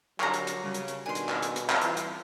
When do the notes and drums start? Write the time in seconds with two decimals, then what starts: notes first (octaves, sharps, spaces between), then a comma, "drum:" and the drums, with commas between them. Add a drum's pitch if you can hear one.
0.20 D3 F#3 G3 A#3 A#5 C#6, drum: clap
0.34 drum: hi-hat
0.47 drum: hi-hat
0.64 C#3 G3
0.74 drum: hi-hat
0.88 drum: hi-hat
1.06 B2 D#3 D4 G#5 C6
1.15 drum: hi-hat
1.29 drum: clap
1.42 drum: hi-hat
1.56 drum: hi-hat
1.70 drum: clap
1.81 E3 F4 C5, drum: hi-hat
1.97 drum: hi-hat